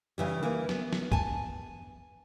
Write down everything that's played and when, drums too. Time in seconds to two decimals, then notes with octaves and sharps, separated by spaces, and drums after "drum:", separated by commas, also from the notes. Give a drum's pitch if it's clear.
0.18 C#3 E3 G3
0.43 E3 A#3
0.69 B3, drum: snare
0.93 drum: snare
1.12 G#5 A5, drum: kick